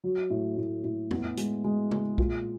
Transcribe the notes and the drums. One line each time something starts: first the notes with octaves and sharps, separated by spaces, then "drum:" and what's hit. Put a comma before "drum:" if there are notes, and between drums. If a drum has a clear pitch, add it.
F#3
A2
A2
A2
B3, drum: tom E2
G#3, drum: hi-hat
G#3
G#4, drum: tom
A#2, drum: kick B1